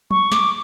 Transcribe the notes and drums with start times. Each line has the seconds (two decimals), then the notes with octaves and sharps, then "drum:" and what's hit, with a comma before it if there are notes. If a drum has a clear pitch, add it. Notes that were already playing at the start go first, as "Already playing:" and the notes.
0.11 C#6, drum: tom
0.32 D6, drum: snare